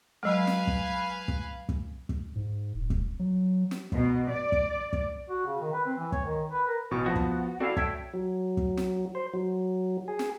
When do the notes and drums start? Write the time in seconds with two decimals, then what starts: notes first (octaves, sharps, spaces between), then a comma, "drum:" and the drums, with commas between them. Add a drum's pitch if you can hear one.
0.23 F#3 G#3 B4 F5 G#5
0.47 drum: snare
0.67 drum: kick
1.28 drum: kick
1.69 drum: kick
2.09 drum: kick
2.35 G#2
2.75 D#1
2.90 drum: kick
3.19 F#3
3.71 drum: snare
3.92 B2, drum: kick
4.28 D5
4.52 drum: kick
4.93 drum: kick
5.30 F#4
5.46 C#3
5.61 D#3
5.74 B4
5.85 C4
5.98 E3
6.12 C#5, drum: kick
6.26 D#3
6.52 B4
6.67 A#4
6.91 A1 B2 C#6
7.06 F3 B3 F#4 A5
7.15 drum: kick
7.60 C4 E4 F#4 A4 D5 F5
7.77 C#5 E5 G5 A5 E6, drum: kick
8.14 F#3
8.57 drum: kick
8.77 drum: snare
9.15 C5
9.34 F#3
10.08 G#4
10.19 drum: snare